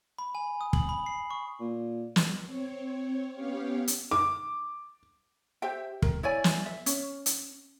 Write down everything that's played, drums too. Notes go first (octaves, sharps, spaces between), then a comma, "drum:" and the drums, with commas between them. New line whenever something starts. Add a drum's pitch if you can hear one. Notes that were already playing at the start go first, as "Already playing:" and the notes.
B5
G#5
D#6
F#7, drum: kick
B5
C7
C#6
A#2
drum: snare
C4 C#5
B3 C#4 G4 C#5 F5
drum: hi-hat
D6
G4 C5 E5 G5
A#4, drum: kick
E4 C#5 D5 G#5
drum: snare
E5
C#4, drum: hi-hat
drum: hi-hat